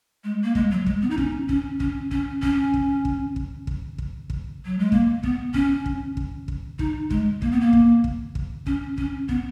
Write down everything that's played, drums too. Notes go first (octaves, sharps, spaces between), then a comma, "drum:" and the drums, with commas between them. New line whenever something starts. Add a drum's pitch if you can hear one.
G#3
A#3
G#3, drum: kick
F#3
G#3, drum: kick
B3
D#4
C#4, drum: kick
C#4, drum: kick
C#4, drum: kick
C#4, drum: kick
C#4, drum: kick
drum: kick
drum: kick
drum: kick
drum: kick
drum: kick
drum: kick
F#3
G#3
A#3, drum: kick
B3, drum: kick
C#4, drum: kick
drum: kick
drum: kick
drum: kick
D#4, drum: kick
G#3, drum: kick
A#3, drum: kick
B3
A#3
drum: kick
drum: kick
drum: kick
C#4, drum: kick
C#4, drum: kick
B3, drum: kick